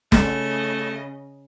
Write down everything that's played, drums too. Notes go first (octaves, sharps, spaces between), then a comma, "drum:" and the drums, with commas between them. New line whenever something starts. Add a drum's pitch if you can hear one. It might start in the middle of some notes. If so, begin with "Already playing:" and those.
C#3 A3 D#5, drum: snare